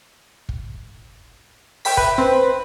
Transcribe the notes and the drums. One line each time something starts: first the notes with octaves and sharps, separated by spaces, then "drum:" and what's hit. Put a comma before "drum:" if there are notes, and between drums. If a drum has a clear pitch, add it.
drum: kick
G5 B6, drum: open hi-hat
B4 E5, drum: kick
C4 B4